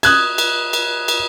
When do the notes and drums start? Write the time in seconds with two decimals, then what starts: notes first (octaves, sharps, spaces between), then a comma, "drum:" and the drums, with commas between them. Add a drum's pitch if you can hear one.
0.03 D#6 F#6 G#6, drum: cymbal
0.38 drum: cymbal
0.73 drum: cymbal
1.08 drum: cymbal